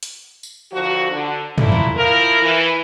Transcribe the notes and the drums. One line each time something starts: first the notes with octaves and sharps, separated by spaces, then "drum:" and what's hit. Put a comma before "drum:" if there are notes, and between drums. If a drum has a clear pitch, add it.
drum: hi-hat
drum: tambourine
D#2 D3 F3 F#4
D3 D4
A#2 A3 E4, drum: tom
drum: tom
F3 E4 F4 A#4
E3